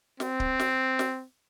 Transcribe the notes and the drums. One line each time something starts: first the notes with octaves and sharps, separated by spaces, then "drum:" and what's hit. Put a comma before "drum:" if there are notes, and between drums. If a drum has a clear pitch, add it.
C4, drum: snare
drum: kick D1
drum: snare
drum: snare